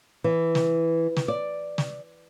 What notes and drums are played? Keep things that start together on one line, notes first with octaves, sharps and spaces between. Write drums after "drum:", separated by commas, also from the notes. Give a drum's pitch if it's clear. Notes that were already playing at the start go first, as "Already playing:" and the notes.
E3
drum: snare
drum: snare
D5
drum: snare